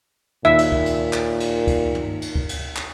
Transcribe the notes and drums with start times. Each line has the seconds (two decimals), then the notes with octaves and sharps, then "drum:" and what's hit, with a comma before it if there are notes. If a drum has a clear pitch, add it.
0.45 D#2 A#2 E5
0.58 drum: cymbal
0.72 drum: kick
0.86 drum: cymbal
1.13 drum: clap
1.40 drum: cymbal
1.67 drum: kick, cymbal
1.95 drum: tom
2.22 drum: cymbal
2.35 drum: kick
2.49 drum: cymbal
2.76 drum: clap